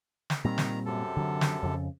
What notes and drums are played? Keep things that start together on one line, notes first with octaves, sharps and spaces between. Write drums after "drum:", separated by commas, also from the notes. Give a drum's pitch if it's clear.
drum: snare
A#2 D#3 G3 C4 A#5
drum: snare
F#2 C3 A4
D3 F#3
drum: snare
F2 C#3